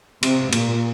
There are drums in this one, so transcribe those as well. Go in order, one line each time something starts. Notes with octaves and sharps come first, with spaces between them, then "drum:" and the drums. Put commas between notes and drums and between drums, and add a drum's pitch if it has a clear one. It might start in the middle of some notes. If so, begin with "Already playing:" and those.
C3, drum: cymbal
A#2, drum: cymbal